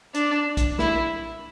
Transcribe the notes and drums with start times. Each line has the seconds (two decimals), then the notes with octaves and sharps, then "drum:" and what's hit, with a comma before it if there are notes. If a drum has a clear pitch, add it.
0.14 D4, drum: hi-hat
0.57 drum: kick, hi-hat
0.79 E4, drum: snare